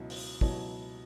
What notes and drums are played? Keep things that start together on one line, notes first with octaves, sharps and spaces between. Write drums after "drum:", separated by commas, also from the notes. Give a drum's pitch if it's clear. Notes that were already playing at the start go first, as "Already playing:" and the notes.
Already playing: C#2 B2 F#3 E4
drum: open hi-hat
C#2 B2 F#3 E4 C#5, drum: kick